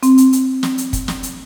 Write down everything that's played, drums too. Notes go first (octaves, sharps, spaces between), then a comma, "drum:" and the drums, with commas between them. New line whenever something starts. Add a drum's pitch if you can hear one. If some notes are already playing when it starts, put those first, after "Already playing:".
C4, drum: hi-hat
drum: hi-hat
drum: hi-hat
drum: snare
drum: hi-hat
drum: kick, hi-hat
drum: snare
drum: hi-hat